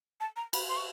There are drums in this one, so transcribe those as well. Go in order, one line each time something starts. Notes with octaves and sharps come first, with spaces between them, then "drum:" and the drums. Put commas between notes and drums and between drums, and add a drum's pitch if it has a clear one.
A5
A#5
B5, drum: cymbal
C6
C#6